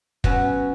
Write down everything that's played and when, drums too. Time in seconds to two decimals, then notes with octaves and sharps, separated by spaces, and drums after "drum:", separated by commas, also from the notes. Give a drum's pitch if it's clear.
0.24 B2 F#3 C#4 F#4, drum: kick